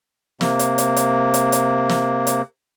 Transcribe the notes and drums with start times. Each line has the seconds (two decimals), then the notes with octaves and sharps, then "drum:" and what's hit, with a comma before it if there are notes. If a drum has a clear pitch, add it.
0.41 C3 A#3, drum: snare
0.59 drum: hi-hat
0.78 drum: hi-hat
0.96 drum: hi-hat
1.34 drum: hi-hat
1.52 drum: hi-hat
1.89 drum: snare
2.27 drum: hi-hat